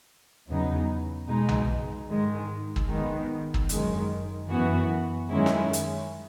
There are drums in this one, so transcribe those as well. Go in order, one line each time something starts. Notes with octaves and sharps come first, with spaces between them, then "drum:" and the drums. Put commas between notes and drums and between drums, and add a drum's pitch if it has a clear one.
E2 C#3 F#3 B3 D#4
B2 G#3 D#4
drum: tom B1
G#2 D#3 G#3
drum: kick
D#3 G#3 B3
drum: kick
F#2 D#3 G#3, drum: hi-hat
F#2 E3 B3 F#4
F#2 D#3 G#3 C#4 E4
drum: snare
drum: hi-hat